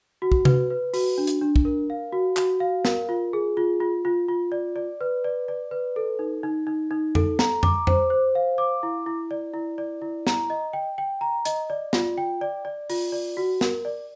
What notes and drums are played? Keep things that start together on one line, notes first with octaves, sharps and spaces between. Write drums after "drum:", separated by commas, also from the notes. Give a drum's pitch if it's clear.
F#4
drum: kick
B4, drum: tom C3
B4
F#4, drum: open hi-hat
D4
drum: hi-hat
D4
drum: kick
A#4
F5
F#4
F#4, drum: clap
F5
A#4, drum: snare
F4
G#4
F4
F4
F4
F4
D5
D5
B4
D5
D5
B4
A4
D#4
D#4
D#4
D#4
A4, drum: tom F2
A#5, drum: snare
D6, drum: tom F2
C5, drum: tom F2
C5
F5
D6
E4
E4
D5
E4
D5
E4
A#5, drum: snare
D#5
G5
G5
A#5
D#5, drum: hi-hat
D5
F4, drum: snare
G5
D5
D5
F4, drum: open hi-hat
D5
F#4
A#4, drum: snare
D5